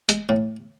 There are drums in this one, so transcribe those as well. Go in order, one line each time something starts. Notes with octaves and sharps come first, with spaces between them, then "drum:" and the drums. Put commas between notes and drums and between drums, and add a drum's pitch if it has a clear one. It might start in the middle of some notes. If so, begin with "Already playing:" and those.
G#3, drum: hi-hat
A2